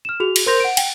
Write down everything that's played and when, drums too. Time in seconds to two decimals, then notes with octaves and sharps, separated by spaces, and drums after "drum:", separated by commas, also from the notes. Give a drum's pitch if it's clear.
0.05 F6 E7
0.20 F#4 G#4 F7
0.36 drum: cymbal
0.46 A#4 C5 C6 G6 A#6 F7
0.60 F#5 D7
0.77 G5, drum: cymbal